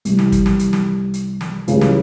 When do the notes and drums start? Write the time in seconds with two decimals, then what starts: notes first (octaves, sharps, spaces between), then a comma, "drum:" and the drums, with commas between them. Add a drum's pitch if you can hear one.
0.05 C2 C3 E3 G3, drum: hi-hat
0.19 drum: snare
0.32 drum: kick, hi-hat
0.46 drum: snare
0.59 drum: hi-hat
0.73 drum: snare
1.14 drum: hi-hat
1.41 drum: snare
1.68 C#2 C#3 E3 G3 C#4, drum: hi-hat
1.81 drum: snare